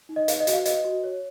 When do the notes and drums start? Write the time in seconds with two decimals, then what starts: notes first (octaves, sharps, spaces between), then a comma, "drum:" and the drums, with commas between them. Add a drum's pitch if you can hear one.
0.09 D#4
0.16 D#5
0.28 B4 F5, drum: hi-hat
0.40 D#5
0.47 F#4, drum: hi-hat
0.53 F5
0.66 B4 D#5, drum: hi-hat
0.84 F#4
1.04 C#5